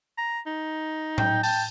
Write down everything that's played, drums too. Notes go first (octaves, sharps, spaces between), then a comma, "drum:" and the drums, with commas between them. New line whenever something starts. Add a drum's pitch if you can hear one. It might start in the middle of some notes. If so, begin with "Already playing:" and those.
A#5
D#4
G5, drum: tom A2
G5 A5, drum: open hi-hat